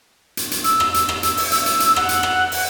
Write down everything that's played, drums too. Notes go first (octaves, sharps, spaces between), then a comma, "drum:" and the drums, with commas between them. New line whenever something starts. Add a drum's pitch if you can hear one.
drum: hi-hat
drum: hi-hat
E6, drum: hi-hat
drum: rim click
drum: hi-hat
drum: rim click
drum: hi-hat
drum: open hi-hat
E6, drum: hi-hat
drum: hi-hat
drum: hi-hat
F#5, drum: rim click
drum: hi-hat
drum: rim click
drum: open hi-hat